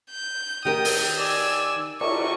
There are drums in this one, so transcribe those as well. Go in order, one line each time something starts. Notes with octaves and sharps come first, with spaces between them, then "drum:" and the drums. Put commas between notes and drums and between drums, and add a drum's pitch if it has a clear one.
G6
D#3 G4 A#4 G5 D#6
drum: open hi-hat
D5 G#5 E6
C#6, drum: cymbal